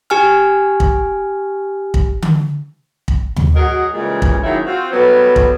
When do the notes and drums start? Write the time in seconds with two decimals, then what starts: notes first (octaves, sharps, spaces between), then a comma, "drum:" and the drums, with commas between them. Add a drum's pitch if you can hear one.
0.10 G4 G#5 F6
0.80 drum: kick
1.94 drum: kick
2.22 drum: tom D3
3.08 drum: kick
3.36 drum: tom D#2
3.55 F#3 F#4 G#4 A#4 D#5 F#5
3.93 A#2 C#3 E3 G3 G#3
4.22 drum: kick
4.43 D#3 F#3 G#3 A#3 C#4 E4
4.65 C4 F4 F#4
4.92 F#3 G3 A3 B3
5.36 drum: kick